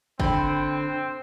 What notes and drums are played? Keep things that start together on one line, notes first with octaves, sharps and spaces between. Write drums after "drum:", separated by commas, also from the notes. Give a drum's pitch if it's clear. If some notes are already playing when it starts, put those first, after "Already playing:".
D3 C4 G5 B5, drum: kick G1